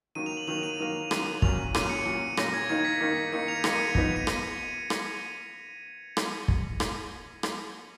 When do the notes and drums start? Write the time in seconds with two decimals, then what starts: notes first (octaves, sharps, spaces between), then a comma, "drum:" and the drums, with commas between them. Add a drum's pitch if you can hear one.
0.15 D#3 F#3 A#3 D#7
0.26 F7
0.37 F#7
0.47 D#3 F#3 A#3 F7
0.63 D#7
0.79 D#3 F#3 A#3
1.11 D#3 F#3 A#3, drum: rim click
1.42 A#2 F#3 C#4 F7, drum: kick
1.75 A#2 F#3 C#4 D#7, drum: rim click
1.89 C#7
2.05 A#2 F#3 C#4
2.37 A#2 F#3 C#4 A#6, drum: rim click
2.54 G#6
2.69 D#3 A#3 D#4 G#6
2.84 B6
3.00 D#3 A#3 D#4
3.32 D#3 A#3 D#4 C#7
3.48 F7
3.56 D#7
3.64 D#3 A#3 D#4 C#7, drum: rim click
3.73 D#7
3.95 F3 B3 D#4, drum: kick
4.06 F7
4.16 D#7
4.27 drum: rim click
4.90 drum: rim click
6.17 drum: rim click
6.48 drum: kick
6.80 drum: rim click
7.43 drum: rim click